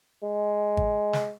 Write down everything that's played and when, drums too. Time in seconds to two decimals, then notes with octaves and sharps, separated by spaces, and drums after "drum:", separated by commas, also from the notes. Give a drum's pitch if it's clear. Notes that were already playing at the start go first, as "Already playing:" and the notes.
0.23 G#3
0.77 drum: kick G#1
1.13 drum: snare